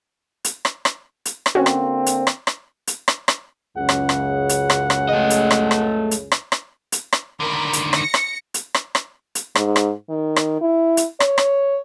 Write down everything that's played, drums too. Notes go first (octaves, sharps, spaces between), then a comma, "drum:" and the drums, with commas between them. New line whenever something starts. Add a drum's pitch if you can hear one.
drum: hi-hat
drum: rim click
drum: rim click
drum: hi-hat
drum: rim click
D3 A#3 C4 C#4 F#4
drum: rim click
drum: hi-hat
drum: rim click
drum: rim click
drum: hi-hat
drum: rim click
drum: rim click
C#2 F#2 C#3 F#5
drum: rim click
drum: rim click
drum: hi-hat
drum: rim click
drum: rim click
A3 D#5
drum: hi-hat
drum: rim click
drum: rim click
drum: hi-hat
drum: rim click
drum: rim click
drum: hi-hat
drum: rim click
D3 D#3 A#4 B5
drum: hi-hat
A#6 C#7, drum: rim click
drum: rim click
drum: hi-hat
drum: rim click
drum: rim click
drum: hi-hat
G#2, drum: rim click
drum: rim click
D#3
drum: rim click
E4
drum: hi-hat
C#5, drum: rim click
drum: rim click